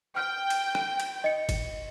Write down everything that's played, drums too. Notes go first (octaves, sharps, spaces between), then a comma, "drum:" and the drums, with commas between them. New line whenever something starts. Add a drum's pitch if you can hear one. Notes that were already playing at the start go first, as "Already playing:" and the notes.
G5 F6
drum: cymbal
drum: rim click
drum: cymbal
D#5 C#7
drum: kick F#1, cymbal